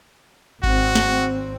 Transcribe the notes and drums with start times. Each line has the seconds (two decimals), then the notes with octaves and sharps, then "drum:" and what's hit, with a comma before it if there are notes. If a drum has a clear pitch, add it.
0.63 G#1 C4 F#4, drum: kick G#1
0.95 drum: snare